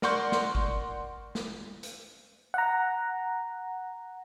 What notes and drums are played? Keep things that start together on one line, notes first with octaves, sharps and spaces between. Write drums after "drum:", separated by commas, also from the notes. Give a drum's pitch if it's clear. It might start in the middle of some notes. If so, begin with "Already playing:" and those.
A#4 D5 F#5 C6 C#6 G6, drum: snare
drum: snare
drum: kick G#1
drum: snare
drum: hi-hat
F#5 A#5